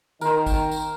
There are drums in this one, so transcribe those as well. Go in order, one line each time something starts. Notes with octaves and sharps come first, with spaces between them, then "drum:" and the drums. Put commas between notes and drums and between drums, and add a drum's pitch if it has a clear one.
D#3 A#4 C5, drum: tambourine
drum: kick, tambourine
drum: tambourine